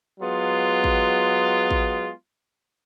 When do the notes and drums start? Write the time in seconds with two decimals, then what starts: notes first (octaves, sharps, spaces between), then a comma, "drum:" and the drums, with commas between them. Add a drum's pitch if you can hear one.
0.20 F#3 G#3 B3 F4
0.84 drum: kick
1.71 drum: kick